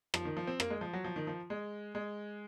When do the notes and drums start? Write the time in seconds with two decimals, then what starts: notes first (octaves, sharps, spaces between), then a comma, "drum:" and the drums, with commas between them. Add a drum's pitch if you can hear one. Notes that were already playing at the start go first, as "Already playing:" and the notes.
0.14 F3, drum: rim click
0.25 D#3
0.37 F3
0.47 C4
0.60 A#3, drum: rim click
0.70 G#3
0.81 F3
0.93 F#3
1.05 F3
1.16 D#3
1.27 F3
1.50 G#3
1.95 G#3